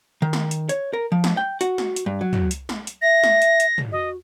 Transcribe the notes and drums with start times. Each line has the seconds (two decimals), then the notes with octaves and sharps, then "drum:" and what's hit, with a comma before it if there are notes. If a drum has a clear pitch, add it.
0.22 D#3
0.33 drum: snare
0.51 drum: hi-hat
0.69 C#5, drum: hi-hat
0.93 A#4
1.12 F3
1.24 drum: snare
1.37 G5
1.61 F#4, drum: hi-hat
1.78 drum: snare
1.96 drum: hi-hat
2.06 G2
2.21 F#3
2.33 drum: tom
2.51 drum: hi-hat
2.69 drum: snare
2.87 drum: hi-hat
3.02 E5 A#6
3.24 drum: snare
3.42 drum: hi-hat
3.60 drum: hi-hat
3.78 drum: tom
3.92 F#4 D#5